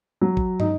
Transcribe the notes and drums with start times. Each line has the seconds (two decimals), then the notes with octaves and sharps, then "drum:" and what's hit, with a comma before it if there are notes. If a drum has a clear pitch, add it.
0.21 F#3
0.37 drum: kick
0.60 D#4, drum: tom